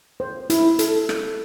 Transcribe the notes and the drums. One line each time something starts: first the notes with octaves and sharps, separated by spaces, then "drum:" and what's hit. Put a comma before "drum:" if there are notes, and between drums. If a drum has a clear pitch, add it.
C5
E4, drum: hi-hat
A4, drum: hi-hat
drum: rim click